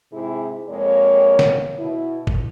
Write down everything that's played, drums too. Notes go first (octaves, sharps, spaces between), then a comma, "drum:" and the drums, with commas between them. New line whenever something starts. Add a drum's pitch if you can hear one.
G#2 C3 E4 G#4
F2 G#3 A#3 C#5
drum: snare
B2 E4
drum: kick G1